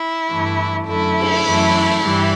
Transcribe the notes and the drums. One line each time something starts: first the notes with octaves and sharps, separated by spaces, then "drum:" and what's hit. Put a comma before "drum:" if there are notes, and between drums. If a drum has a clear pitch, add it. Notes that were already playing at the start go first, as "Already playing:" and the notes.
Already playing: E4
G2 E3 A3
F#2 D3 A3 E4
drum: cymbal
F#2 E3 A3
G2 E3 G3